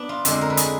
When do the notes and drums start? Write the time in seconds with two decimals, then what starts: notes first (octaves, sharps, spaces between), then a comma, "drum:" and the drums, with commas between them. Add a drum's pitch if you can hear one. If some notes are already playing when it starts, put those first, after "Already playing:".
Already playing: B3 D4
0.09 F4
0.25 F2 D3 G#3, drum: hi-hat
0.41 A#4
0.50 B4
0.57 G#4, drum: hi-hat